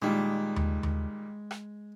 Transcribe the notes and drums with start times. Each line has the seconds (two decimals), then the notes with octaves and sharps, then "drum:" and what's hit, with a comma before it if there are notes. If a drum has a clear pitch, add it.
0.02 A#2 D#3 G3 G#3
0.56 drum: tom D#2
0.83 drum: tom D#2
1.51 drum: rim click